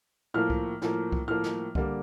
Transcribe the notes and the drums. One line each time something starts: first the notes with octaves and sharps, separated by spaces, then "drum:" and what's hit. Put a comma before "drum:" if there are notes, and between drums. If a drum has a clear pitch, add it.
A2 F3 A#3 F6
drum: kick C2
A2 F3 A#3, drum: snare
drum: kick C2
A2 F3 A#3 F6
drum: snare
D3 G3 A#3, drum: kick C2